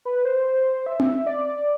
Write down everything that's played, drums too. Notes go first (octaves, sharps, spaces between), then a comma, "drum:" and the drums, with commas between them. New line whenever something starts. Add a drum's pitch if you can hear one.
B4
C5
E5
drum: tom C4
D5